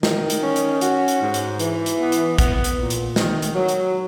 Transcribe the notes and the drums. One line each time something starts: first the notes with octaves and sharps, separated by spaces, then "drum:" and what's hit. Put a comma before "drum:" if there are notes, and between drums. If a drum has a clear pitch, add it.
D#3, drum: snare
drum: hi-hat
C#4
drum: hi-hat
F#4, drum: hi-hat
drum: hi-hat
G#2
drum: hi-hat
E3, drum: hi-hat
drum: hi-hat
B3
drum: hi-hat
B3, drum: kick, hi-hat
drum: hi-hat
A#2
drum: hi-hat
D#3, drum: snare
drum: hi-hat
F#3
drum: hi-hat